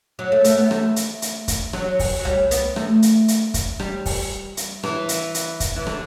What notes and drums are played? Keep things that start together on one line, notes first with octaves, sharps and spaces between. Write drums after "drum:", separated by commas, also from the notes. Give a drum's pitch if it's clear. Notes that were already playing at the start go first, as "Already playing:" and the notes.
F#3
A3
A3, drum: hi-hat
B3
A3, drum: rim click
drum: hi-hat
drum: hi-hat
drum: kick, hi-hat
F#3, drum: rim click
drum: kick, open hi-hat
F#3
G3, drum: tom C2
B3, drum: hi-hat
A3, drum: rim click
drum: hi-hat
drum: hi-hat
drum: kick, hi-hat
G3, drum: rim click
drum: kick, open hi-hat
drum: hi-hat
E3, drum: rim click
drum: hi-hat
drum: hi-hat
drum: kick, hi-hat
E3
D3, drum: rim click